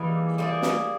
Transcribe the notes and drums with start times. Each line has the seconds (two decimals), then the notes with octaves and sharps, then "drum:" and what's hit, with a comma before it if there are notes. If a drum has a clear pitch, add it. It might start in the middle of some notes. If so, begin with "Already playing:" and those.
Already playing: E3 G3 A#3 D#4 G#4
0.38 G3 A#3 D#4 G#4
0.62 drum: snare